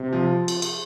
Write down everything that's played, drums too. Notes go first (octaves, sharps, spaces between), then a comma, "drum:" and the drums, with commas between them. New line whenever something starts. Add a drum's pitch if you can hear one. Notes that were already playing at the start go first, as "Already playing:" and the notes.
Already playing: C3
F3
drum: cymbal
drum: cymbal